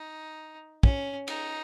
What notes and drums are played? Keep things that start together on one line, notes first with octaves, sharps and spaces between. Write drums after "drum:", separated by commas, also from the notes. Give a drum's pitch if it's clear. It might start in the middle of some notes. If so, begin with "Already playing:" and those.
Already playing: D#4
C#4, drum: kick
D#4, drum: cymbal